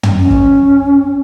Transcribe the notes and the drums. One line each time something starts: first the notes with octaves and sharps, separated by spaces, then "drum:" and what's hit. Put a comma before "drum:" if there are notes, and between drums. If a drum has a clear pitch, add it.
drum: tom
C#4
drum: kick